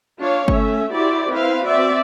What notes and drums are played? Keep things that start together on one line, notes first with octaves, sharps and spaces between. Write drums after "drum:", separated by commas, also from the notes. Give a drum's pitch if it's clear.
D4 F4 C#5 F5
A3 C#4 E5, drum: kick G1
E4 F#4 G4 C5 D5
C4 E4 B4 C5 F5
C4 F#4 D5 E5